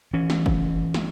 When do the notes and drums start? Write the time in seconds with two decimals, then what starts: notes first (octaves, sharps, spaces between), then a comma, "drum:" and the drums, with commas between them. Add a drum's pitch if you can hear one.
0.13 E3 C#4
0.30 drum: snare
0.46 drum: kick
0.94 drum: snare